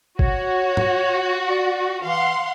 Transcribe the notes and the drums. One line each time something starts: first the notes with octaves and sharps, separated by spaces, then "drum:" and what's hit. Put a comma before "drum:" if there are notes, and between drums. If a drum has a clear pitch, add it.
F#4 C#5, drum: kick
drum: tom
D5
E3 F5 F#5 C6